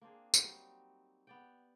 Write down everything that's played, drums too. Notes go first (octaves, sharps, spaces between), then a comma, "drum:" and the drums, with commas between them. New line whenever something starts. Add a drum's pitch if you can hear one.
A#3 C4 D4 G#4
drum: tambourine
F#3 G3 C4 D#4
B3 D5 G5